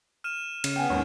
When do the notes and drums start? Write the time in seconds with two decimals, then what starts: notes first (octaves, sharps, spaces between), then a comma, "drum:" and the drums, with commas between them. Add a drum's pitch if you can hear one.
0.24 F6 D#7 E7
0.64 C#3, drum: cymbal
0.76 B3 G5 G#5
0.90 D#2 G#2 C#4